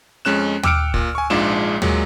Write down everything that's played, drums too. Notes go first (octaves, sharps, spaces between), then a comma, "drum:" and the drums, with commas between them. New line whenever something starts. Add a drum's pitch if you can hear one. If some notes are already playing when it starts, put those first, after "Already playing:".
F2 G#3 C#4 F#6 E7
G5 D6 E6 F6 C#7 D7, drum: tom
A#2, drum: kick
G#5 C#6
A#1 G#2 G#3 D4 F4 E7
A#2 F#3 G#3, drum: tom